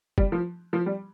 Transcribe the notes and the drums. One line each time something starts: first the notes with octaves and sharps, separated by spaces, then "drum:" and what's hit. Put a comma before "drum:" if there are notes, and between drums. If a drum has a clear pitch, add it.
G3, drum: kick
F3
F3
G3